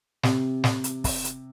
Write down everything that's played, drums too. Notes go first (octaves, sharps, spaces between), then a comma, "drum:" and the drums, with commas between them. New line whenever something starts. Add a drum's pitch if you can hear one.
C3, drum: snare
drum: snare
drum: hi-hat
drum: kick, open hi-hat
drum: hi-hat